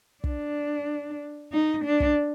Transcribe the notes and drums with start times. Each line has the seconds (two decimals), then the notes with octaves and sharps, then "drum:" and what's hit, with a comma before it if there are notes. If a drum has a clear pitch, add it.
0.24 D4, drum: kick
1.52 D#4
1.84 D4
2.00 drum: kick